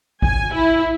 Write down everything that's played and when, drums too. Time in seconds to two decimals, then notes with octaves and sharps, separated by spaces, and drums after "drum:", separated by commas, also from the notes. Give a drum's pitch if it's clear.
0.22 G#5, drum: kick G#1
0.52 E4